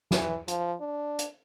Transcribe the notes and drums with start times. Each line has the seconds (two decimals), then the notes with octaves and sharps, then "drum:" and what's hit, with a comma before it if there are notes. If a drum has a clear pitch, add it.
0.11 E3, drum: snare
0.48 F3, drum: hi-hat
0.80 D4
1.19 drum: hi-hat